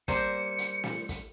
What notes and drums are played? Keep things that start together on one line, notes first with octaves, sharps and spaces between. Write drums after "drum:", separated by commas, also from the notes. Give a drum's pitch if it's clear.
G3 A#3 C5 C#7, drum: kick, hi-hat
drum: hi-hat
drum: snare
drum: kick, hi-hat